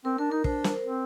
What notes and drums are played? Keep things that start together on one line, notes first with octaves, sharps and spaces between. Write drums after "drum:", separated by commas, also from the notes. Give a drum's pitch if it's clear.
C4 A#4
D4 A#4
D#4 A#4
D4 C5, drum: kick
drum: snare
C4